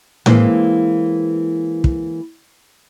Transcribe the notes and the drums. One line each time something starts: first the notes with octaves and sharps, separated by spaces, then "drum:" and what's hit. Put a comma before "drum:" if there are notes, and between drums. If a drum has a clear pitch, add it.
E3 G#3 A#3 C4, drum: tom A2
drum: kick